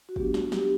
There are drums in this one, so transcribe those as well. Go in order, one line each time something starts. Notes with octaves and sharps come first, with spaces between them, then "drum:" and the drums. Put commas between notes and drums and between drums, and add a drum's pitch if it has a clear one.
F#4
F#3 B3 D4 G4, drum: kick
F#4, drum: snare
G4, drum: snare